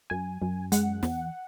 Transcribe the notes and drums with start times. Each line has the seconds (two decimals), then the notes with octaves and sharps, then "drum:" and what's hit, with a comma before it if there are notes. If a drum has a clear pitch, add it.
0.10 F#2 G#5
0.42 F#2
0.72 G#3 F#5, drum: hi-hat
1.03 E2, drum: snare